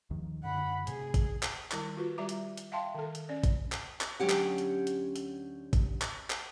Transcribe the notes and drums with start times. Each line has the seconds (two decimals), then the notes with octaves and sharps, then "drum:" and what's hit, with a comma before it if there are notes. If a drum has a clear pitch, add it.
0.10 D#2 D#3 F3
0.44 F#2 D3 F#5 B5
0.87 A2 C3 G#4, drum: hi-hat
1.14 drum: kick, hi-hat
1.43 drum: clap
1.71 D#3 G3 E4, drum: clap
1.97 F4 F#4 B4
2.18 G3 G4 E5 A#5 D6
2.29 drum: hi-hat
2.58 drum: hi-hat
2.72 E5 F5 G5 A5 C6
2.95 D#3 A4
3.15 drum: hi-hat
3.29 C#4 D5
3.44 drum: kick, hi-hat
3.72 drum: clap
4.01 drum: clap
4.20 D2 F#3 C#4 G4 F#5
4.30 drum: clap
4.58 drum: hi-hat
4.87 drum: hi-hat
5.16 drum: hi-hat
5.73 drum: kick, hi-hat
6.02 drum: clap
6.30 drum: clap